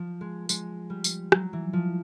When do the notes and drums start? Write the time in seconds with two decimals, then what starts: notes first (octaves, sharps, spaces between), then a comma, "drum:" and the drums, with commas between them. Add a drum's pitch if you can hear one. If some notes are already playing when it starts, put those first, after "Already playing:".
Already playing: F3
0.21 G#3
0.49 G#3, drum: tambourine
0.90 G3
1.04 drum: tambourine
1.32 F#3, drum: rim click
1.53 E3
1.73 F3